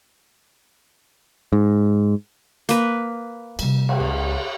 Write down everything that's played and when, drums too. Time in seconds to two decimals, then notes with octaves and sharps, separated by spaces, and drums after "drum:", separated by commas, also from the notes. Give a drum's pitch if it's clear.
1.53 G#2
2.69 A#3 B4, drum: hi-hat
3.59 C3 G3, drum: cymbal
3.89 drum: cymbal
4.00 C#2